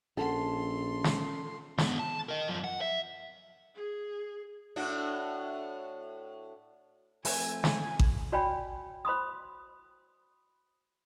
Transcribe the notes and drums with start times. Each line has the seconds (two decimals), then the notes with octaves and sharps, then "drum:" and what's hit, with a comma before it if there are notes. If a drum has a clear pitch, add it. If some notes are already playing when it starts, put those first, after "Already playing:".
0.17 A#1 C#4 A4 F#5 C6
1.04 drum: snare
1.78 D3 B3, drum: snare
1.99 A5
2.29 A#4 D#5
2.49 F#2 F3
2.64 F#5
2.81 E5
3.75 G#4
4.76 A2 D4 F#4
7.25 F3 A3 C4 G#5, drum: open hi-hat
7.64 G#5, drum: snare
7.99 drum: kick A1
8.32 F#4 C#5 D5 G5 G#5 B5
9.05 C5 B5 C6 D#6